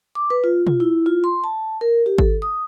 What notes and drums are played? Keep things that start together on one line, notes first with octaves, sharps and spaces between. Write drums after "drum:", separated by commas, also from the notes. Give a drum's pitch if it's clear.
D6
B4
F4
F4, drum: tom B2
E4
F4
C6
A5
A#4
G4
A4, drum: kick G#1
D#6